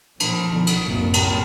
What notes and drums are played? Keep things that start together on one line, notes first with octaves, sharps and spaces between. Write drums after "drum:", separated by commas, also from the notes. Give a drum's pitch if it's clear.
A#2 F3, drum: cymbal
B1 B2 D3 D#3 F3
drum: cymbal
F#1 C2 A2 C3 F#3 A#3
drum: cymbal